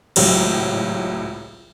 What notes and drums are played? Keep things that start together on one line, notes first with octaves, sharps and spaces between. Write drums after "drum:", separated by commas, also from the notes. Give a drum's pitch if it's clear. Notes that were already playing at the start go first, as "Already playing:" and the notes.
G#1 C#2 A2 F#3 G4, drum: cymbal